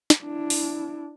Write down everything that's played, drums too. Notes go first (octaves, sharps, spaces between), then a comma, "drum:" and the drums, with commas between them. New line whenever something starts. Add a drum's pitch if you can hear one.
drum: snare
D4 E4
drum: open hi-hat